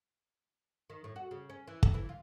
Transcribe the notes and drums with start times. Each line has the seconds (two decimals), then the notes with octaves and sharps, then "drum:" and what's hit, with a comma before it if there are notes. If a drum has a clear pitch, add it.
0.90 D#3
1.04 A2
1.16 F#4
1.31 C#3
1.50 C#4
1.67 E3
1.83 A4, drum: kick
1.94 E3
2.09 F4